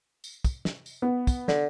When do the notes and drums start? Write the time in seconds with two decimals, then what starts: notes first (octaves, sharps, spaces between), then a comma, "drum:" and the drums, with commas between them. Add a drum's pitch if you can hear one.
0.24 drum: tambourine
0.45 drum: kick, tambourine
0.65 drum: snare
0.86 drum: tambourine
1.02 B3
1.27 drum: kick, tambourine
1.48 D3, drum: snare